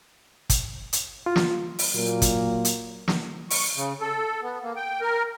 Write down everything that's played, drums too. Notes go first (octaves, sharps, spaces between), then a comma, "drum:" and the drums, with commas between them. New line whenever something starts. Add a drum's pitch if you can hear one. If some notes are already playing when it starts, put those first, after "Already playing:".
drum: kick, hi-hat
drum: hi-hat
F4
drum: snare
drum: open hi-hat
A#2 F#3 A#3
drum: kick, hi-hat
drum: hi-hat
drum: snare
C#6, drum: open hi-hat
C#3
A4
B3
A#3
G5
A#4